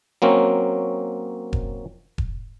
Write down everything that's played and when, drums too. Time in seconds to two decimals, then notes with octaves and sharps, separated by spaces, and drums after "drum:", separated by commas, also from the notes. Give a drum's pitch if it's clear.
0.22 F#3 A#3 C4 C#4
1.53 drum: kick E1
2.18 drum: kick E1